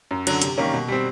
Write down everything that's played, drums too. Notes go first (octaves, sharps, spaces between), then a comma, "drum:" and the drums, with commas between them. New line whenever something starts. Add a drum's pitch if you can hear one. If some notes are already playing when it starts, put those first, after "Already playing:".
F#2
D3 F#3, drum: cymbal
C3, drum: hi-hat
D#3 G3 A#3 C#4
B2
G3 C4